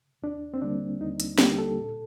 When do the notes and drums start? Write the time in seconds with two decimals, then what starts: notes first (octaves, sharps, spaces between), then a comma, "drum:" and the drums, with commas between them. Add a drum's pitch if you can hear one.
0.23 D#2 D4
0.54 C4
0.62 D3 G3 A#3 D4
1.00 D#2 D#4
1.20 drum: hi-hat
1.38 D3 G3 A#3 G4, drum: snare
1.59 A4
1.78 A#2